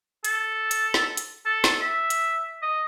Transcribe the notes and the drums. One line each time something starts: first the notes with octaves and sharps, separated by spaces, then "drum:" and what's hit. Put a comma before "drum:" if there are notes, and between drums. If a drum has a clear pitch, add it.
A4, drum: hi-hat
drum: hi-hat
drum: snare
drum: hi-hat
A4
drum: snare
E5
drum: hi-hat
D#5